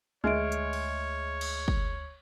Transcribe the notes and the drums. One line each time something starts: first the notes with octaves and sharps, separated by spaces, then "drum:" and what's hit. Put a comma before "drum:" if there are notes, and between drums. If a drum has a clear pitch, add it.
D2 G#3 C#5 D#5 E5 F6 D7
drum: hi-hat
drum: cymbal
drum: cymbal
drum: kick